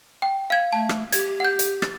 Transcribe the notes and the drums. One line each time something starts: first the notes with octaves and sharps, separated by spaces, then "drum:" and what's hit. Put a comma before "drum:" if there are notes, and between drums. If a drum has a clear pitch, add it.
G5
F5 G#6
A3 A5
drum: rim click
G4 G#6, drum: hi-hat
F#5 G6
drum: hi-hat
A6, drum: rim click